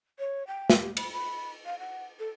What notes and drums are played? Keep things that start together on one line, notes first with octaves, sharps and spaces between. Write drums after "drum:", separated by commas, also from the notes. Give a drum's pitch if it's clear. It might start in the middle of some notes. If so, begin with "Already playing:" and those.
C#5
G5
drum: snare
G4
B5, drum: cymbal
B5
F5
F#5
A4